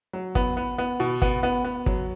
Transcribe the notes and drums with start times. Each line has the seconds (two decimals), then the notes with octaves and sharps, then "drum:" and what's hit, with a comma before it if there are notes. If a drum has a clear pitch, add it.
0.13 F#3
0.35 B3, drum: kick
0.57 B3
0.78 B3
1.00 B2
1.22 B3, drum: kick
1.43 B3
1.64 B3
1.86 F#3, drum: kick